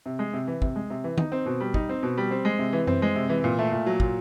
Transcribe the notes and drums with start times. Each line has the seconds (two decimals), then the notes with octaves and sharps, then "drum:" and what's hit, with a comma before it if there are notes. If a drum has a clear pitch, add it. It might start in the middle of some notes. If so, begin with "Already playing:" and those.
0.06 C3
0.19 G#3
0.33 C3
0.47 E3
0.62 C3, drum: kick
0.76 G#3
0.90 C3
1.04 E3
1.18 D#4, drum: tom D#3
1.32 C4
1.46 B2
1.60 G3
1.74 D#4, drum: kick
1.89 C4
2.03 B2
2.18 G3
2.31 C4
2.45 G#3
2.59 C3
2.73 E3
2.87 C4, drum: tom F#2
3.02 G#3
3.15 C3
3.29 E3
3.44 A#2
3.59 A3
3.72 A#2
3.86 F#3
4.00 A#2, drum: kick